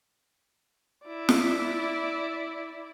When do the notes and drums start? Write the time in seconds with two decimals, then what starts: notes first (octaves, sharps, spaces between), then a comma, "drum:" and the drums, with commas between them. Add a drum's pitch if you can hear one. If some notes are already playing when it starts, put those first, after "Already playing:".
1.05 E4 D5
1.29 drum: snare